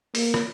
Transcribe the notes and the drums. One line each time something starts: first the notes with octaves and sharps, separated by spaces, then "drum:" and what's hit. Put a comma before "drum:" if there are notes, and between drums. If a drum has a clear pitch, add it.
A#3, drum: open hi-hat
drum: rim click